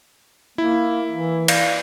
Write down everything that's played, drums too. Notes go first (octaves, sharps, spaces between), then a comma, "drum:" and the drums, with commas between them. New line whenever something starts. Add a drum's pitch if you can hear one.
A#3 E4
E3
D5 F5 G6, drum: cymbal